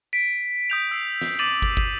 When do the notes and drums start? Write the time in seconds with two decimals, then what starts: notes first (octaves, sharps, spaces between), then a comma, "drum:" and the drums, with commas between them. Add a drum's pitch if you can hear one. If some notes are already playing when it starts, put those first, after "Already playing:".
0.13 B6 D7
0.70 D#6 G6 F7
0.91 E6 C7
1.21 drum: snare
1.39 D6 A6 D#7 F7 F#7
1.62 drum: kick
1.77 drum: kick